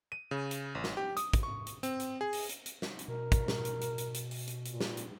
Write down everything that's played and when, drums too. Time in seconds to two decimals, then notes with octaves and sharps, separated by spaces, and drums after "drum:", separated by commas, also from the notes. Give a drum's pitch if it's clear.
0.12 D#7
0.31 C#3
0.51 drum: hi-hat
0.75 A1
0.84 drum: snare
0.97 G4
1.17 D#6, drum: hi-hat
1.33 drum: kick, hi-hat
1.43 C#6
1.67 drum: hi-hat
1.83 C4, drum: hi-hat
2.00 drum: hi-hat
2.21 G#4
2.33 drum: open hi-hat
2.49 drum: hi-hat
2.66 drum: hi-hat
2.82 drum: snare
2.99 drum: hi-hat
3.08 B2 A#4
3.32 drum: kick, hi-hat
3.48 drum: snare
3.65 drum: hi-hat
3.81 drum: hi-hat
3.98 drum: hi-hat
4.14 drum: hi-hat
4.31 drum: open hi-hat
4.47 drum: hi-hat
4.65 A#2, drum: hi-hat
4.80 drum: snare
4.97 drum: hi-hat